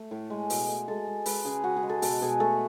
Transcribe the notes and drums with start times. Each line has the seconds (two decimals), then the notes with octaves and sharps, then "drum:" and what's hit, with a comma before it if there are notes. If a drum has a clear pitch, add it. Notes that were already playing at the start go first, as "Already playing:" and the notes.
Already playing: A3
0.11 A2
0.30 G#3
0.50 B2, drum: open hi-hat
0.68 A3
0.88 G#3 A4
1.07 G#3
1.26 G#3 B4, drum: open hi-hat
1.45 C#3 G#4
1.64 C#3 F#4
1.77 G#4
1.83 G#3
1.89 A4
2.02 B2 A4, drum: open hi-hat
2.22 B2 G#4
2.40 A3 A4